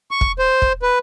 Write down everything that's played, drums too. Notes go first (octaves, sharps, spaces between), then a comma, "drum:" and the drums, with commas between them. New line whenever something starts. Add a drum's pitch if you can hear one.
C#6
drum: kick
C5
drum: kick
B4